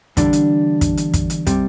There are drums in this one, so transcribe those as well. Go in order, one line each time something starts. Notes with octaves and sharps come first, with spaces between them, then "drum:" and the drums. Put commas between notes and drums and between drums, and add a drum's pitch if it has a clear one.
E2 D3 G3 D4, drum: kick, hi-hat
drum: hi-hat
drum: kick, hi-hat
drum: hi-hat
drum: kick, hi-hat
drum: hi-hat
C3 G3, drum: kick, hi-hat